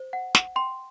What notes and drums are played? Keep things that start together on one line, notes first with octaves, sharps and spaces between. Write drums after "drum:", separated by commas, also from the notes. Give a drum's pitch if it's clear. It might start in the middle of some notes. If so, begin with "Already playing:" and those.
Already playing: C5
F#5
F#5, drum: snare
G5 C6